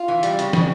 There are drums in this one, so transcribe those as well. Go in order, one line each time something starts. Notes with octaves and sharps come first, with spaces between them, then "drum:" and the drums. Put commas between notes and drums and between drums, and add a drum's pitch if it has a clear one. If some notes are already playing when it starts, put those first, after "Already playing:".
Already playing: F4
E3
G3, drum: hi-hat
C#3, drum: hi-hat
C#3, drum: snare